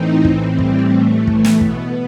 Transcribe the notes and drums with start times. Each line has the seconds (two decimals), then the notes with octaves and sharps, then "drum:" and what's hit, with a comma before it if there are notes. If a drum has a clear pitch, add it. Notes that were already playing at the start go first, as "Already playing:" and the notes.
Already playing: A2 E3 C4 D#4
0.25 A2 E3 C4, drum: kick
0.59 G3, drum: kick
0.93 A2 E3 A3
1.27 drum: kick
1.44 drum: snare
1.61 B2 B3, drum: kick